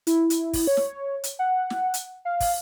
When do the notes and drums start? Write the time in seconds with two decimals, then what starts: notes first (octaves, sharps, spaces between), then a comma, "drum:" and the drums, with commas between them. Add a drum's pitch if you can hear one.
0.07 E4, drum: hi-hat
0.30 drum: hi-hat
0.53 drum: kick, open hi-hat
0.67 C#5
0.77 drum: snare
1.24 drum: hi-hat
1.39 F#5
1.70 drum: snare
1.94 drum: hi-hat
2.25 F5
2.40 drum: kick, open hi-hat